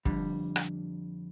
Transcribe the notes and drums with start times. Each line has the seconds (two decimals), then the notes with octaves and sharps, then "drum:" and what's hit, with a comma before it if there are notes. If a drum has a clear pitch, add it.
0.05 F2 D3 G3, drum: kick
0.56 drum: rim click